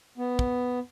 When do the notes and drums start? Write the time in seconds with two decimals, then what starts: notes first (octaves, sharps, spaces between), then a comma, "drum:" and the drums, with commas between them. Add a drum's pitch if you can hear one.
0.18 B3
0.39 drum: kick